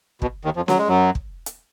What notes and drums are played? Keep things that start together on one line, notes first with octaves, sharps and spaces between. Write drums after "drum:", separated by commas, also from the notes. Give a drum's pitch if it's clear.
B2, drum: kick
D#2 D#3
F2 F3
F#3, drum: snare C#4
G#3
F#2 F#3
drum: kick
drum: hi-hat